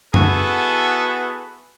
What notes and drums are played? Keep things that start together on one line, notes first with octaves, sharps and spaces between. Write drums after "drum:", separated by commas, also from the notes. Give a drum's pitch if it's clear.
B3 E4 F#4 G#4 A4 B4, drum: tom F#2